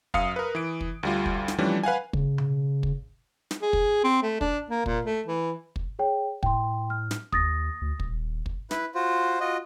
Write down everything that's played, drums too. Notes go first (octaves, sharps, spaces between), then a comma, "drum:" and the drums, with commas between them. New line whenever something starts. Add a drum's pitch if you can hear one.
F#2 F5 D#6 C#7, drum: kick
A#4 B4
E3 D7
drum: kick
D2 G3 F4
drum: kick
drum: snare
E3 F3 G3 A3 C#4 D4
B4 F5 F#5 G#5
C#3, drum: kick
drum: tom B2
drum: kick
drum: snare
G#4
drum: kick
C4
A3
D4, drum: kick
A#3
A#2, drum: kick
A3
E3
drum: kick
G#4 C#5 G5
A2 G5 C6, drum: kick
F6
drum: snare
D#2 D#6 A6 A#6, drum: kick
D2
D#1, drum: kick
drum: kick
E4 B4, drum: snare
F4 F#4 C5
F4 F#4 D#5